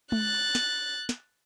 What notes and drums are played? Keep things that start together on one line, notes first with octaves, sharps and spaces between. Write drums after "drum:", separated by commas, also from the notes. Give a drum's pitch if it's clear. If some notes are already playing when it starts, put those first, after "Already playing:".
F#6 A6, drum: tom G#3
drum: snare
drum: snare